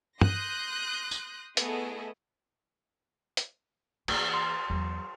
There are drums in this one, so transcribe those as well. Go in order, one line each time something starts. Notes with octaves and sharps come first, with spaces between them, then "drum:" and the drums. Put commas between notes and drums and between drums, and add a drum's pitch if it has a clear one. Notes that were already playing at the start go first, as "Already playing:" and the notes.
C6 D#6 F#6 G6 A#6, drum: tom
drum: tambourine
A3 B3 E4 G#4 A4 D#5, drum: hi-hat
drum: hi-hat
E3 A#3, drum: cymbal
C6
E2 F#3